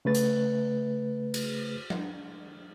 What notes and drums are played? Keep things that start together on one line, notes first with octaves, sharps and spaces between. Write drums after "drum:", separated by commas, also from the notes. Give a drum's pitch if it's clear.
C#3 A3 B4 A6
drum: hi-hat
drum: cymbal
drum: tom G3